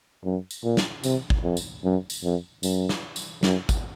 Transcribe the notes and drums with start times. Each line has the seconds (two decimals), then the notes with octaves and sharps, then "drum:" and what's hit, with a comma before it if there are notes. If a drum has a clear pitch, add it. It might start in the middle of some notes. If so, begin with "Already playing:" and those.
0.24 F#2
0.51 drum: tambourine
0.64 A#2
0.77 drum: snare
1.04 C3, drum: tambourine
1.30 drum: kick
1.43 F2
1.57 drum: tambourine
1.84 F#2
2.10 drum: tambourine
2.23 F2
2.63 F#2, drum: tambourine
2.89 drum: snare
3.16 drum: tambourine
3.43 F#2, drum: snare
3.69 drum: kick, tambourine